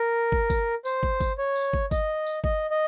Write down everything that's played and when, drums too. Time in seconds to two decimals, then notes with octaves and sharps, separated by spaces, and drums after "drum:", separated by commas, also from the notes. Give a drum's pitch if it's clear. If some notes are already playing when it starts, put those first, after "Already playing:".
Already playing: A#4
0.32 drum: kick
0.50 drum: kick, tambourine
0.85 C5, drum: tambourine
1.03 drum: kick
1.20 drum: kick, tambourine
1.38 C#5
1.56 drum: tambourine
1.73 drum: kick
1.91 D#5, drum: kick, tambourine
2.26 drum: tambourine
2.44 D#5, drum: kick
2.71 D#5